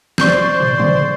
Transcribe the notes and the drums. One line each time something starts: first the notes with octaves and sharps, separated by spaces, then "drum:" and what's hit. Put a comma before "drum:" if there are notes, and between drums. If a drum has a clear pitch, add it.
C5 D5 C6 C#6 G6, drum: snare
drum: tom
drum: tom C#3